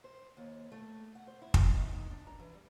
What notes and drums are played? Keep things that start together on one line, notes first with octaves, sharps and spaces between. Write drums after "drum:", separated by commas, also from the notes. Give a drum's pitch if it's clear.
C5
D#2
A3
F#5
C5
E4
drum: kick
D#3
D#4
D4
A#5
E3
G3